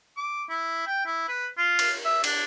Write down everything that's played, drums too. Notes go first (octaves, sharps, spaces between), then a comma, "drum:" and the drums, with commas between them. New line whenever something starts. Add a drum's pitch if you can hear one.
D6
E4
G5
E4
B4
F4
drum: cymbal
E5
D4, drum: cymbal